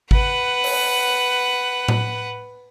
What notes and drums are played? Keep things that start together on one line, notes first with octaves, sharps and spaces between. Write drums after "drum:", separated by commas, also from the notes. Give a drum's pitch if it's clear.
B4 F#5, drum: kick G#1
drum: open hi-hat
drum: tom A2